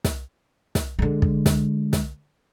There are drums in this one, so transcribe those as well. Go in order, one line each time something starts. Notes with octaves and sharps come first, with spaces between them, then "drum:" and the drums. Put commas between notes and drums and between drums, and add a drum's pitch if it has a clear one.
drum: snare
drum: snare
D3 G#3
drum: kick
drum: snare
drum: snare